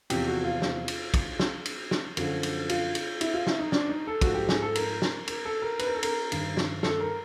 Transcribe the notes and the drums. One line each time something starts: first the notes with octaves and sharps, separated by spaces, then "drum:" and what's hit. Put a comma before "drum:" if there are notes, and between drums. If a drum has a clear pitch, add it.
E2 C3 F3 G4, drum: cymbal
F#4
F4
drum: snare
drum: cymbal
drum: kick, cymbal
drum: snare
drum: cymbal
drum: snare
F#2 D3 F3, drum: cymbal
drum: cymbal
F4, drum: cymbal
drum: cymbal
E4, drum: cymbal
F4
E4, drum: snare
D#4
D4, drum: snare
D#4
A4
G#2 F3 F#4, drum: kick, cymbal
G4
G#4, drum: snare
A4
A#4, drum: cymbal
drum: snare
A#4, drum: cymbal
A4
A#4
B4, drum: cymbal
A#4
A4
A#4, drum: cymbal
G2 D#3, drum: cymbal
drum: snare
A4, drum: snare
A#4